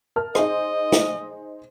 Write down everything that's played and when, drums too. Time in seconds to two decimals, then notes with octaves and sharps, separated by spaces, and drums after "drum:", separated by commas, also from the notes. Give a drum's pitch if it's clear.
0.16 A#4 A5 F6
0.35 D#4 G#4 C5 D#5, drum: rim click
0.92 drum: snare